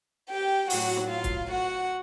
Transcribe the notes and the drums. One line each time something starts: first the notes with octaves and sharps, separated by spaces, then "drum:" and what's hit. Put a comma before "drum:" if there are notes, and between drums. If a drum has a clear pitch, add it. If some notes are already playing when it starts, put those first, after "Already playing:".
G4 G5
A2 F#3 F#4 F#5, drum: open hi-hat
drum: snare
F4 F5
drum: kick C#1, hi-hat
F#4 F#5